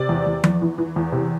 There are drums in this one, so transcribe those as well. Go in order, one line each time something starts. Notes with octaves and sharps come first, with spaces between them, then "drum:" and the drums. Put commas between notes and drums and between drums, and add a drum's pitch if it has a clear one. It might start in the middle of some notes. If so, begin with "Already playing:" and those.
Already playing: C3 D5
E2
E2
E2, drum: tom F3
E3
E3
E2
C3